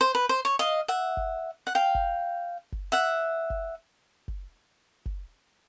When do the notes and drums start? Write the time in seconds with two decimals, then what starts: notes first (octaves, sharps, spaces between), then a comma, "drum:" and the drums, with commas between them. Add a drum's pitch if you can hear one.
0.01 C5
0.15 B4
0.29 C5
0.45 C#5
0.59 D#5 F5
0.88 E5 F#5
1.17 drum: kick F#1
1.67 F#5
1.75 F5 G5
1.95 drum: kick F#1
2.73 drum: kick F#1
2.92 E5 F#5
3.50 drum: kick F#1
4.28 drum: kick F#1
5.06 drum: kick F#1